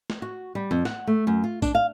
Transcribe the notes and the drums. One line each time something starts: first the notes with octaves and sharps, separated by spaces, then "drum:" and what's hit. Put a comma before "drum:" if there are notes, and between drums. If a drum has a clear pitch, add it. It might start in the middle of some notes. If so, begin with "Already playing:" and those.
drum: snare
F#4
G3
F2
F#5, drum: snare
A3
F#2
F4
D4, drum: kick A#1, tambourine
F5